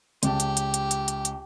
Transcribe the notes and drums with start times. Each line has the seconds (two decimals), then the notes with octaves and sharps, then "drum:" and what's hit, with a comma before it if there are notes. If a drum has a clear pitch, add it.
0.23 C#2 G4 A5, drum: hi-hat
0.40 drum: hi-hat
0.57 drum: hi-hat
0.74 drum: hi-hat
0.91 drum: hi-hat
1.08 drum: hi-hat
1.25 drum: hi-hat